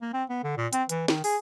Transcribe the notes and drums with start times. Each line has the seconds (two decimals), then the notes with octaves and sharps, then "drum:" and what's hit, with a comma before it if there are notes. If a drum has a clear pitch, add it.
0.02 A#3
0.14 C4
0.29 B3
0.44 D3
0.57 A#2
0.73 C4, drum: hi-hat
0.89 E3, drum: hi-hat
1.08 D#3, drum: snare
1.24 G#4, drum: open hi-hat